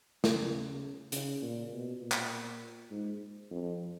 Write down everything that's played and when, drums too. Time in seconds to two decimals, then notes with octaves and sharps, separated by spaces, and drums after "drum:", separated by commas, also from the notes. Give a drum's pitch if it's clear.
0.24 C#3, drum: snare
1.12 C#3, drum: hi-hat
1.42 A#2
1.73 B2
2.02 A#2
2.12 drum: clap
2.91 G#2
3.51 F2